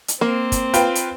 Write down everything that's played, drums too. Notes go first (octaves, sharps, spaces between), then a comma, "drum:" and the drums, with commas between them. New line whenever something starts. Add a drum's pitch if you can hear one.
drum: hi-hat
A#3 C4
drum: kick, hi-hat
F4 B4 G5, drum: hi-hat
drum: hi-hat